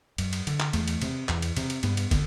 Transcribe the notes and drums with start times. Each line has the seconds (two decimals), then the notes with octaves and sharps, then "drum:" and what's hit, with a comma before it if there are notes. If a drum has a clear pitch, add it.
0.18 F#2, drum: cymbal
0.33 drum: cymbal
0.47 D3, drum: cymbal
0.60 drum: clap
0.73 E2 A3, drum: cymbal
0.88 drum: cymbal
1.02 C3, drum: cymbal
1.29 E2, drum: clap
1.42 drum: cymbal
1.57 C3, drum: cymbal
1.70 drum: cymbal
1.83 G2 B3, drum: cymbal
1.97 drum: cymbal
2.11 D3, drum: kick, cymbal